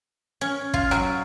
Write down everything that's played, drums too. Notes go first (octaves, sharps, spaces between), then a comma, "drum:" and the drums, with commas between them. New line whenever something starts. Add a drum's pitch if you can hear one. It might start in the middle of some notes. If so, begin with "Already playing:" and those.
C#4
F4, drum: kick
F#3, drum: rim click